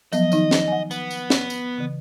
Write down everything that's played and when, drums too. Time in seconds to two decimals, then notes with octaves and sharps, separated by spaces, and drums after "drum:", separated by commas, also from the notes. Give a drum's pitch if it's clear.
0.12 F3 F#3 B3 D#5, drum: tambourine
0.32 D#3 D#4, drum: tambourine
0.51 drum: snare
0.68 F#5 G#5
0.91 B3, drum: tambourine
1.11 drum: tambourine
1.30 drum: snare
1.50 drum: tambourine
1.78 C#3 E3